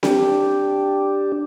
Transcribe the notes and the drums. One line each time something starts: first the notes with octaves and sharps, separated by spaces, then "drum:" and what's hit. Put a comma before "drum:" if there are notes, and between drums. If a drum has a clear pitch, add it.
D4 G4, drum: snare C4